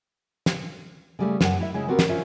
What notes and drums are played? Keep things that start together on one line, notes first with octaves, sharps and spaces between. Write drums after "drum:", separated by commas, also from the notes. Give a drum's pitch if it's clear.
drum: snare
C#3 G3 A3
F#2 F#5, drum: snare
E4 E5
C#3 G#3 E4
B3 C4 F#4 G4 A#4
drum: snare
C#4 F4 C5 E5